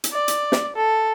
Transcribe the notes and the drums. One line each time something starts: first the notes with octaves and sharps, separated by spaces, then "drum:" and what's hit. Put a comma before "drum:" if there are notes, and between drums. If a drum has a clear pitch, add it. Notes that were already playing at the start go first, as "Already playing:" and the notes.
drum: hi-hat
D5
drum: hi-hat
drum: snare
A4